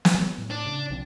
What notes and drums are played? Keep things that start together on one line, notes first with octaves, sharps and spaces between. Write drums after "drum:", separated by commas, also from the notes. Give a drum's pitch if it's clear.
drum: snare
F#3 G3
A2
D4
C#3
B1 F3 C4